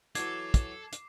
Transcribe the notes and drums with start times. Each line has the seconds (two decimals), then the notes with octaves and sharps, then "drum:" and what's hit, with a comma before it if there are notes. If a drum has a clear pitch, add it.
0.15 E3 F#3 E4 A4 D6 G#6 C7, drum: hi-hat
0.54 drum: kick, hi-hat
0.93 drum: hi-hat